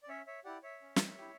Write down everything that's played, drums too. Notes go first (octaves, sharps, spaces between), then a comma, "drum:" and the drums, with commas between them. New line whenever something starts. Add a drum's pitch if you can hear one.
D5
C#4 C#5 E5
C#5 E5
E4 G4 D5 F#5
C#5 E5
C#4
drum: snare
E4 G4